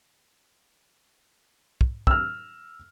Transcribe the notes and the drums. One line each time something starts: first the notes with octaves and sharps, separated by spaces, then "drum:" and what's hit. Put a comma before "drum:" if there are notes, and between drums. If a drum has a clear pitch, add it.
drum: kick
E6 F6, drum: kick